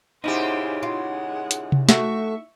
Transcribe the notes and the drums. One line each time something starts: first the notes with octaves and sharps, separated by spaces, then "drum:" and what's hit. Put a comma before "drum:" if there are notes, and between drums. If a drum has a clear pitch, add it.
A#2 C#3 D#4 E4 G4 C5 F#5
G#3 F4 F#5
drum: hi-hat
drum: tom C3
A3 F#4 E5 C#6, drum: snare